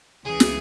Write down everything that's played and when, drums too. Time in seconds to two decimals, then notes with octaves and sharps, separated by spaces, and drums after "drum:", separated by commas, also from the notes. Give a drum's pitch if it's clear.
0.24 C#2 C#3 E3 G#4
0.40 drum: snare